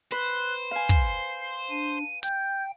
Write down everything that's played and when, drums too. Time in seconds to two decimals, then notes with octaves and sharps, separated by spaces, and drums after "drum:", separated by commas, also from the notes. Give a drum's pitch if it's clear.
0.12 B4 C5 F#6
0.71 F5 G#5 C7
0.89 drum: kick
1.70 D4 D#7
2.23 G5 G6, drum: hi-hat